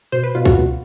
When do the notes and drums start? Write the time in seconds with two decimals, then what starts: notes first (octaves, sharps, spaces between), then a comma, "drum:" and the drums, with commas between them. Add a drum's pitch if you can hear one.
0.12 B2 C5
0.23 B4
0.35 B2 F4
0.45 F#4, drum: kick
0.58 B2